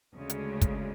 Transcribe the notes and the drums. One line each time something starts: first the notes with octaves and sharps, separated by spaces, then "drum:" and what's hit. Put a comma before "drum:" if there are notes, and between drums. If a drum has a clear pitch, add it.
D2 C#3 G#3
drum: hi-hat
drum: kick, hi-hat